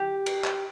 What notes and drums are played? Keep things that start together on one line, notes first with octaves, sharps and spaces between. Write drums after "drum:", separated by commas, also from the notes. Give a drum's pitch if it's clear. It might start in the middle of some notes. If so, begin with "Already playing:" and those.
Already playing: G4
drum: cymbal
drum: clap